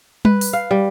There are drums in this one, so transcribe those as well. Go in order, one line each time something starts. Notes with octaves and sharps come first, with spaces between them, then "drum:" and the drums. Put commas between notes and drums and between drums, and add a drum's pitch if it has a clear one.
B4, drum: tom G3
drum: open hi-hat
F5
G3